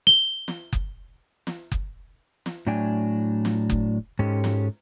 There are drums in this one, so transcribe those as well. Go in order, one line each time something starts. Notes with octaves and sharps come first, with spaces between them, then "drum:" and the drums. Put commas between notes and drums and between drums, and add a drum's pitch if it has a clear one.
G7
drum: snare
drum: kick F#1
drum: snare
drum: kick F#1
drum: snare
A2 F#3 A3 D4 G5 G#5
drum: snare
drum: kick F#1
G#2 G#3 C#4 G4 A4
drum: snare